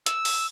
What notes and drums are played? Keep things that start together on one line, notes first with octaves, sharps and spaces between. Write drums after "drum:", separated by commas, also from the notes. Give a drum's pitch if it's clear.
E6, drum: hi-hat
drum: open hi-hat